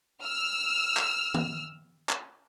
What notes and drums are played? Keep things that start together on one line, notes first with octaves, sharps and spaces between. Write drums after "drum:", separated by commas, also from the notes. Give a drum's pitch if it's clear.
E6 F6
drum: clap
drum: tom
drum: clap